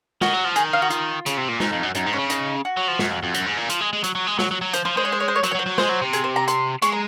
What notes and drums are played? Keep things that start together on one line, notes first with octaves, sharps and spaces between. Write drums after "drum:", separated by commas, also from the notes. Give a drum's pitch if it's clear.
D#3 F#4, drum: snare
F#3
F3
D#3 G#4, drum: hi-hat
F5
F#4
F4, drum: hi-hat
C#3, drum: hi-hat
C3
A#2
G#2 D#4, drum: snare
F2
F#2
F#2 D#4, drum: hi-hat
G#2
C#4
C#3
D#4, drum: hi-hat
F#4
F#3
F3
F#2, drum: snare
F2
F2
F#2, drum: hi-hat
G#2
A#2
F3, drum: hi-hat
G#3
G#3
F#3, drum: hi-hat
F#3
G#3
F#3, drum: snare
F#3
F#3
F3 C5, drum: hi-hat
F3 C5
G#3 C5
C#5
C5
C#5
C5
C#5
F#3 C5, drum: hi-hat
C#5
F#3
C5
F#3
G#3 C5, drum: snare
F#3
C3
G#4, drum: hi-hat
C5
A#5
C6, drum: hi-hat
G#3 C#6, drum: hi-hat
A#5